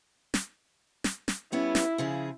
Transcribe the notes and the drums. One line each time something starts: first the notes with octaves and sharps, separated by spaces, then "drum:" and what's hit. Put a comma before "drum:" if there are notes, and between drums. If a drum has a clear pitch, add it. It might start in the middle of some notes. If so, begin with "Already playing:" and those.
drum: snare
drum: snare
drum: snare
G3 B3 C#4 E4
drum: snare
C#3 F3 G#4